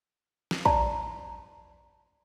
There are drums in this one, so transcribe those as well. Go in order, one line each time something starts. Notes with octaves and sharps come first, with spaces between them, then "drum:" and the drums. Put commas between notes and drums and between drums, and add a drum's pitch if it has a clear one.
drum: snare
C#5 D5 A5 A#5, drum: kick